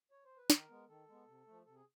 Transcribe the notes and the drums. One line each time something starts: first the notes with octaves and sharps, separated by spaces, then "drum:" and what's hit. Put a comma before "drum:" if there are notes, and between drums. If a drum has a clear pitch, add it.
C#5
C5
B4
D#3 A#4, drum: snare
G#3 B3
D#3 A4
G#3 B3
C3
F3 A3
C3 A4
G#4